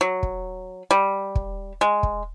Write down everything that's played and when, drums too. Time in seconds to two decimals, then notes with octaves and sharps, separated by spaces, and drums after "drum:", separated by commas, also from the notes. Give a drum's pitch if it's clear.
0.01 F#3
0.23 drum: kick
0.91 G3
1.35 drum: kick
1.81 G#3
2.03 drum: kick